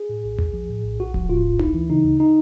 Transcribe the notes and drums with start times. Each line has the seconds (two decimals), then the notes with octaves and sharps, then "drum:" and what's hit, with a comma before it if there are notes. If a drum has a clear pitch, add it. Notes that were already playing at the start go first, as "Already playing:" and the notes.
Already playing: G#4
0.09 A2
0.24 A#1
0.39 A#1, drum: tom D#2
0.54 F3
0.70 A2
0.84 A#1
0.99 A#1 F#4
1.14 F3, drum: kick D1
1.29 A2 F4
1.45 A#1
1.59 D2 E4, drum: tom D#4
1.74 E3
1.90 C#3 D#4
2.05 D2
2.20 D#4